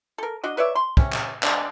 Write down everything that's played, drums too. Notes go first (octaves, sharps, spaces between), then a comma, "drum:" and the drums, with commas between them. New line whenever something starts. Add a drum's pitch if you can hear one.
A4 A#4
D4 F#4 D#5
B4 C#5 D5 E5
C6
C3 C#4, drum: kick
drum: clap
G#3 D4, drum: clap